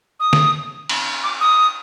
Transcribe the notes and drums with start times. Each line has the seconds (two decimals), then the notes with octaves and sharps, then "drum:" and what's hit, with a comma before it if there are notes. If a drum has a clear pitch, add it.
0.20 D#6
0.33 drum: snare
0.89 drum: cymbal
1.23 D6
1.41 D#6